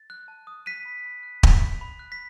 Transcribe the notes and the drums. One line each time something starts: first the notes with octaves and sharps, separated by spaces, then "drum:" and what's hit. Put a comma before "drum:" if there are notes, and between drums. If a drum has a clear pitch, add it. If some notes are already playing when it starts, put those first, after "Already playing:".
Already playing: A6
F#6
A5
D#6
F#6 B6 D#7
B5
B5
F#6
F#6, drum: kick
B5
B5
F#6
B6